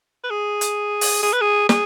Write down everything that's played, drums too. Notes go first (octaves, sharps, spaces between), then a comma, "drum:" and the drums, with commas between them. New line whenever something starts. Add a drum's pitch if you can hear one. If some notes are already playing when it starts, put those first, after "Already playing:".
B4
G#4
drum: hi-hat
drum: open hi-hat
G#4
B4
G#4
G#4, drum: snare